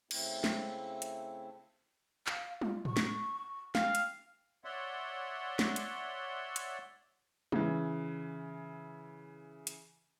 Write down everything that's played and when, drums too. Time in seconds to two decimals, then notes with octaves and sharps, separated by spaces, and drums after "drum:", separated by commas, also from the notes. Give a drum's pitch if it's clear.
0.11 C#3 A3 C4 E4, drum: cymbal
0.44 drum: snare
1.02 drum: hi-hat
2.27 F5, drum: clap
2.61 F4, drum: tom G3
2.85 C#6, drum: tom A2
2.97 drum: snare
3.75 F5 G5, drum: snare
3.95 drum: hi-hat
4.64 C#5 D5 E5 F#5 C6
5.59 drum: snare
5.76 drum: hi-hat
6.56 drum: hi-hat
7.52 C#3 E3, drum: tom G3
9.67 drum: hi-hat